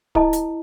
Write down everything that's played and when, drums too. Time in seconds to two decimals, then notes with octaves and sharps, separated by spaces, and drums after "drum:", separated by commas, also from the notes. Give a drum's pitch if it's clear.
0.15 E4 A4 D#5 A5, drum: kick D1
0.33 drum: hi-hat